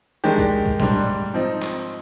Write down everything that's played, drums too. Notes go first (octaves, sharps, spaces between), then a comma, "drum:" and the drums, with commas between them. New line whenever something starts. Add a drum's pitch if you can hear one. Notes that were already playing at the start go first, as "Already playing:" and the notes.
D#3 G#3 D4 G4
drum: kick C2
drum: kick C2
G#2 G3 D4, drum: tom A#2
F3 C4 D#4
drum: clap